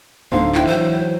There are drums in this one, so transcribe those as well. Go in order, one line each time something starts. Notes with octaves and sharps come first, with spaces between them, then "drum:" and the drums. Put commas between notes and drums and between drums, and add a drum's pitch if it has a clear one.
D1 D2 D3 D#4 C5 F5 C6, drum: tom
E4 E5 G5, drum: clap
E3 F#3 C5